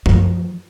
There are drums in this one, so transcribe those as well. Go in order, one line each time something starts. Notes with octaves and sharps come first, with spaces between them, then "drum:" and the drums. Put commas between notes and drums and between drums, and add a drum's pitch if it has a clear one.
F3, drum: tom F#2